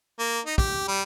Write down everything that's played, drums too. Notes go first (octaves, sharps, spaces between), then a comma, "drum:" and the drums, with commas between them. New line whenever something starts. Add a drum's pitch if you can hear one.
A#3
D#4
G4, drum: kick
G3